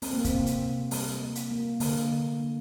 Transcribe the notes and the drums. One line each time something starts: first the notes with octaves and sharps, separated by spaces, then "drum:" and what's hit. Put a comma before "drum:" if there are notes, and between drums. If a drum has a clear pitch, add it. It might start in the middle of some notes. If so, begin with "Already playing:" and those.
A3 C4, drum: open hi-hat
A#3
C4, drum: kick, hi-hat
C3
drum: hi-hat
C3
G3, drum: open hi-hat
A#3
drum: hi-hat
A#3
D3 A#3, drum: open hi-hat
D3
A#3